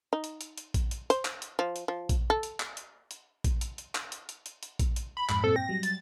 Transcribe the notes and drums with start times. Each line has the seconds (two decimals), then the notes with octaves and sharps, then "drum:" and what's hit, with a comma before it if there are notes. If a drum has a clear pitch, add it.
0.13 D#4
0.24 drum: hi-hat
0.41 drum: hi-hat
0.58 drum: hi-hat
0.74 drum: kick A#1, hi-hat
0.91 drum: hi-hat
1.10 C5, drum: hi-hat
1.25 drum: clap
1.42 drum: hi-hat
1.59 F3
1.76 drum: hi-hat
1.88 F3
2.09 drum: kick A#1, hi-hat
2.30 A4
2.43 drum: hi-hat
2.60 drum: clap
2.77 drum: hi-hat
3.11 drum: hi-hat
3.44 drum: kick A#1, hi-hat
3.61 drum: hi-hat
3.78 drum: hi-hat
3.95 drum: clap
4.12 drum: hi-hat
4.29 drum: hi-hat
4.46 drum: hi-hat
4.63 drum: hi-hat
4.79 drum: kick A#1, hi-hat
4.96 drum: hi-hat
5.17 B5
5.29 F2 G#2, drum: clap
5.44 G2 A#2 C4 A4
5.56 G5 A#6
5.69 F#3 G3
5.83 A6, drum: hi-hat